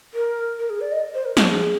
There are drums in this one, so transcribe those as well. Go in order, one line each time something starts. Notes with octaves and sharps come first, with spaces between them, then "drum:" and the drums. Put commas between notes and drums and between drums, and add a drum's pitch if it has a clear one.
A#4
A#4
G#4
D5
D#5
C5
A#4
G#4, drum: snare
G#4